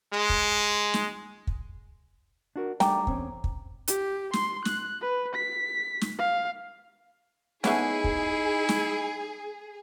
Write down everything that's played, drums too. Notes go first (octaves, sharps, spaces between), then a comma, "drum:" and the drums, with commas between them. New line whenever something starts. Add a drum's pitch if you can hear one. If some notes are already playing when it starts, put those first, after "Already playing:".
G#3
drum: kick
drum: snare
drum: kick
D4 F#4 A#4
G3 A3 D4 G5 A#5 D6, drum: snare
E2 C4 C#4, drum: kick
drum: kick
G4, drum: hi-hat
C6, drum: snare
F#6, drum: snare
B4
B6
drum: snare
F5
A3 B3 C#4 D#4 E4 G#4, drum: snare
drum: kick
drum: snare